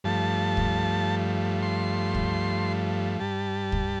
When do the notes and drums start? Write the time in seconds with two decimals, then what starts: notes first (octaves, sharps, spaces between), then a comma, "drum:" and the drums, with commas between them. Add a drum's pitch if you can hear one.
0.04 G2 F3 A3 A5
0.57 drum: kick C#2
1.62 C6
2.15 drum: kick C#2
3.20 G2 G3 A5
3.72 drum: kick C#2